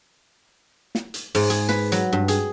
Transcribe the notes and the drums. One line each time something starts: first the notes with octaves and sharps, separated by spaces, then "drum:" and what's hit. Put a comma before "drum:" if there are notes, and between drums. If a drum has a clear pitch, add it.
drum: snare
drum: hi-hat
G#2, drum: open hi-hat
G#4, drum: hi-hat
B4, drum: snare
F#3, drum: hi-hat
G2
G#4, drum: hi-hat